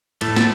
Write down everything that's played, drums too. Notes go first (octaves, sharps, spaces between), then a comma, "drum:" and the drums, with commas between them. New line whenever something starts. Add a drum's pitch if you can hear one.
A2 A3, drum: cymbal
drum: snare